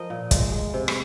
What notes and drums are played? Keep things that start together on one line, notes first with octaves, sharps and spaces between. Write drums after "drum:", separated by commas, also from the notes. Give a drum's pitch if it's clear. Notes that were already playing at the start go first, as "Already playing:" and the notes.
Already playing: F3 A#4 C5 D#5
A#2
G#3, drum: kick, hi-hat
G#3
C3
drum: rim click